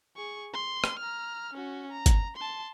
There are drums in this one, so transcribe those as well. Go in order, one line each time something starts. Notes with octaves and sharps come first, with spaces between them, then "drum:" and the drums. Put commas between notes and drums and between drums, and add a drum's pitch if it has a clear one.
G#4 C#6
C6
drum: rim click
A#5 F6
C#4 F#4
A#5
drum: kick, hi-hat
A5 C6